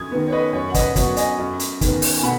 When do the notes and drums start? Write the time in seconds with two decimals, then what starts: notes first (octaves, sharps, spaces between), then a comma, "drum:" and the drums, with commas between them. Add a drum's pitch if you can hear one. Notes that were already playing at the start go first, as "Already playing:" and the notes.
Already playing: F#2 D#6 G#6
0.11 D#3 B3
0.28 C#5
0.32 B4 D#5
0.53 F#2 C#5
0.70 F#5
0.74 B4 D#5, drum: kick, hi-hat
0.96 F#3 B3 C#5 F#5, drum: kick, hi-hat
1.17 D#5 G#5, drum: hi-hat
1.38 F#2
1.60 drum: hi-hat
1.81 D#3 B3, drum: kick, hi-hat
2.02 drum: open hi-hat
2.18 G#5
2.23 B2 F#5 B5